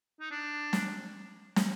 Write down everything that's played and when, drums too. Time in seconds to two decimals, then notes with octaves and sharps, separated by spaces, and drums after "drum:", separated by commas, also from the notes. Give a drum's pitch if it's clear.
0.20 D#4
0.31 D4
0.73 drum: snare
1.56 drum: snare